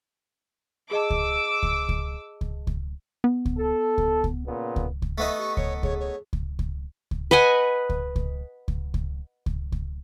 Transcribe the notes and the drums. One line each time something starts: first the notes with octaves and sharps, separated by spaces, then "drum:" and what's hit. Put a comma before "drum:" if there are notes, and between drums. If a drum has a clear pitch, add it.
G#4 D#5 A5 D6 E6
drum: kick C#2
drum: kick C#2
drum: kick C#2
drum: kick C#2
drum: kick C#2
B3
drum: kick C#2
A4
drum: kick C#2
drum: kick C#2
A#2 C#3 B3
drum: kick C#2
drum: kick C#2
A3 B3 D#4 E5 C#6
G4 C#6
C#5 C#7, drum: kick C#2
G#4 C#5, drum: kick C#2
C#5
drum: kick C#2
drum: kick C#2
drum: kick C#2
B4 D#5 F#5 G#5
drum: kick C#2
drum: kick C#2
drum: kick C#2
drum: kick C#2
drum: kick C#2
drum: kick C#2